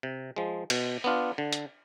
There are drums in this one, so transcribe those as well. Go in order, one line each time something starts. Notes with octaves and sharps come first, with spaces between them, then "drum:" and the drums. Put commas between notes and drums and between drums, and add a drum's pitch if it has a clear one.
C3
F3 G#3
B2, drum: cymbal
B3 D4 F4
D3
drum: hi-hat